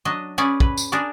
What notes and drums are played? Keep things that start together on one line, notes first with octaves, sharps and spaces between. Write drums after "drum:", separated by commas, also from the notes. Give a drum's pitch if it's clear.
F#3 D4 D#5
C#4 G#4 B4 D5 G#5
B4, drum: kick
drum: tambourine
D4 G#4 A#4 D5